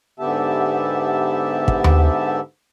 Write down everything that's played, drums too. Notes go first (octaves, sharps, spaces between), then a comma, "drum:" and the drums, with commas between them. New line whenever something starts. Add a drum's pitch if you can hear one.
G#2 D3 B3 G4 E5 A5
drum: kick
drum: tom D#2